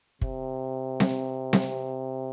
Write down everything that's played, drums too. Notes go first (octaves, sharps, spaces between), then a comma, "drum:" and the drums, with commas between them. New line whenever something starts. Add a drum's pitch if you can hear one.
C3, drum: kick
drum: snare C4
drum: snare C4